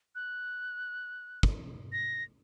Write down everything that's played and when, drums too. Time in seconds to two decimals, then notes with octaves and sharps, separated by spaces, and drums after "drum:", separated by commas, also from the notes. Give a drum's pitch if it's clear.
0.15 F#6
1.43 drum: kick
1.92 A#6